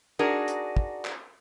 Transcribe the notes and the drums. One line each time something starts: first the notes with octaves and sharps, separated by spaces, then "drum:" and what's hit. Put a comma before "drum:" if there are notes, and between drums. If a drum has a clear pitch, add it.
D4 D#4 F#4 G#4 A#4
drum: hi-hat
drum: kick
drum: clap